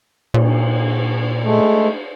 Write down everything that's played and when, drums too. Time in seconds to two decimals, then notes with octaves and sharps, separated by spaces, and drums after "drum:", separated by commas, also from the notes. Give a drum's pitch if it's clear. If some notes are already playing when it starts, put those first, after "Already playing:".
0.34 A#2, drum: cymbal
1.44 G#3 A3